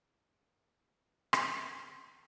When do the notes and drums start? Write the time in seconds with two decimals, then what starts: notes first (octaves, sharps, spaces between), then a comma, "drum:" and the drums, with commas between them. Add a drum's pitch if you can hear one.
0.23 A#6
0.53 C5
0.68 G#4
1.33 drum: rim click
1.48 G6